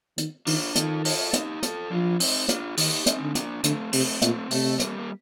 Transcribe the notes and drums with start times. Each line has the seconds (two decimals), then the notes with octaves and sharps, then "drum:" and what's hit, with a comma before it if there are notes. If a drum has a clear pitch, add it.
0.18 D#3, drum: hi-hat
0.47 D#3 D4 F4, drum: open hi-hat
0.75 D#3 F4 A4, drum: hi-hat
1.05 F4 A4, drum: open hi-hat
1.33 D#4 G4, drum: hi-hat
1.63 F4 A4, drum: hi-hat
1.91 F3 D4 F4
2.20 C4 D#4, drum: open hi-hat
2.49 D4 F4, drum: hi-hat
2.77 D#3 D#4 G4, drum: open hi-hat
3.06 C4 D#4, drum: hi-hat
3.21 D3
3.35 A#3 D4, drum: hi-hat
3.64 D3 A3 C4, drum: hi-hat
3.93 C3 A3 C4, drum: open hi-hat
4.22 A#2 A3 C4, drum: hi-hat
4.51 C3 A3, drum: open hi-hat
4.80 G3 A#3, drum: hi-hat
4.99 A#3